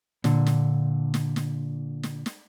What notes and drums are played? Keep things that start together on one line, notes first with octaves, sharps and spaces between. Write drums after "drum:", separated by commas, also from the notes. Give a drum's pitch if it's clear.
A#2 D3, drum: snare
drum: snare
drum: snare
drum: snare
drum: snare
drum: snare